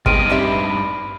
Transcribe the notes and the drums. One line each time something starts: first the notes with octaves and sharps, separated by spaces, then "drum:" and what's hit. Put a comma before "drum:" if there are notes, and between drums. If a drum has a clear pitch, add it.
G2 G#3 B3 C4 D#4 F6 D7 D#7, drum: kick
C4 D4 G4 B4 E5